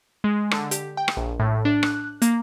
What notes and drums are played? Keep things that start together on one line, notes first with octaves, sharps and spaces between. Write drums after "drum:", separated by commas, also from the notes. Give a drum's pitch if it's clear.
G#3
D3, drum: rim click
G4, drum: hi-hat
G5
drum: rim click
A#1
A2
D4
F#6, drum: rim click
A#3, drum: hi-hat